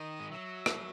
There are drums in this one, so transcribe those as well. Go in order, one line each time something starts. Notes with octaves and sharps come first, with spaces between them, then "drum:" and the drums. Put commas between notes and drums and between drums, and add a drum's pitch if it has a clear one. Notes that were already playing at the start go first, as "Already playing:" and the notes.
Already playing: D#3 D#5
G#3
F#3 E5
drum: rim click